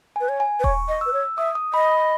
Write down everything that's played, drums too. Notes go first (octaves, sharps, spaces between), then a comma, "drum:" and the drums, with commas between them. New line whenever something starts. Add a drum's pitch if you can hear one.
B4 G#5
C#5
G#5
B4
C#5 C#6, drum: kick D#1
D#5
B4 E6
C#5
E5 D#6
D#6
D#5 B5
B5